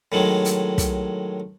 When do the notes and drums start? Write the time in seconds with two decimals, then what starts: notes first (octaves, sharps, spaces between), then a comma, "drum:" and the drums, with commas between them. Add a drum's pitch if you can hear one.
0.12 A2 D#3 F#3 G#3
0.45 drum: hi-hat
0.78 drum: kick, hi-hat